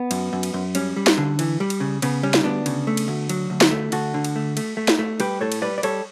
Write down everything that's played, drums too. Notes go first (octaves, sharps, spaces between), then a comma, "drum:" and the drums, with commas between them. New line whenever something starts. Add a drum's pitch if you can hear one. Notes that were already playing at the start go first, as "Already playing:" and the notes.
Already playing: B3
F#2, drum: cymbal
F#2
drum: cymbal
F#2
G3 C#4, drum: cymbal
G3
drum: snare D#4
D3
E3, drum: cymbal
G3
drum: cymbal
C#3
C#3 B3, drum: cymbal
G3 C#4
drum: snare D#4
D2 B3 D4
C#3, drum: cymbal
A3
drum: cymbal
D2
F#3, drum: cymbal
D2
drum: snare D#4
A3
D2 F#4 A4, drum: cymbal
D3
drum: cymbal
A3
A3, drum: cymbal
A3
drum: snare D#4
A3
G3 G4 B4, drum: cymbal
A2 A4 C#5
drum: cymbal
G3 B4 D5
D5
G3 A4 C#5, drum: cymbal